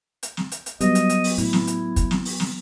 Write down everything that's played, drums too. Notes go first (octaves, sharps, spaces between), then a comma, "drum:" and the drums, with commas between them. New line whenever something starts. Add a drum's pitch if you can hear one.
drum: hi-hat
drum: snare
drum: hi-hat
drum: hi-hat
F#3 G3 B3 D#5, drum: hi-hat
drum: hi-hat
drum: hi-hat
drum: open hi-hat
A2 E4, drum: hi-hat
drum: snare
drum: hi-hat
drum: kick, hi-hat
drum: snare
drum: open hi-hat
drum: snare